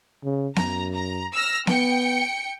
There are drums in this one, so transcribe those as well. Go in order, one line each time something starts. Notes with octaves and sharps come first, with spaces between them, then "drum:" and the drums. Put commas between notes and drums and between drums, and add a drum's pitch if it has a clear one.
C#3
F#2 A#5, drum: snare B3
A#5
E6 F6 A#6
B3 G5 C#7, drum: snare B3